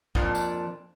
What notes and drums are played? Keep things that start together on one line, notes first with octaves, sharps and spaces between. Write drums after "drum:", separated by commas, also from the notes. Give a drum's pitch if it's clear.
F2 A#2 D4, drum: kick
drum: tambourine